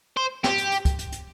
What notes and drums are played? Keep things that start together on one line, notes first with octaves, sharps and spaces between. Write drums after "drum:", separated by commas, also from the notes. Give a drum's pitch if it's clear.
C5
G4, drum: snare
drum: hi-hat
drum: hi-hat
drum: kick, hi-hat
drum: hi-hat
drum: hi-hat